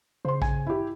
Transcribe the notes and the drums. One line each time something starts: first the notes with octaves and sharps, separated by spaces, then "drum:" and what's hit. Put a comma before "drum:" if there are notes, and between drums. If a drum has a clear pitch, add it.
C#3 C5 C6
G#5, drum: kick
E4 G4